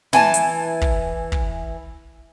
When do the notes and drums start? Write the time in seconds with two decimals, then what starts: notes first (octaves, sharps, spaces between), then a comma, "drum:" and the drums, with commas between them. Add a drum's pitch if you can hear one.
0.13 E3 G#5 A5, drum: snare
0.34 drum: hi-hat
0.81 drum: kick
1.32 drum: kick